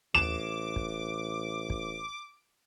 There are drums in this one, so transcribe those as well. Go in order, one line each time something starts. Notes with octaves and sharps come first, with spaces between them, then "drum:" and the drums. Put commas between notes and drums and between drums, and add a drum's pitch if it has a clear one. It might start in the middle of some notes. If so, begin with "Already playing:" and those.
A1 D6 E7, drum: tom D#2
drum: kick
drum: kick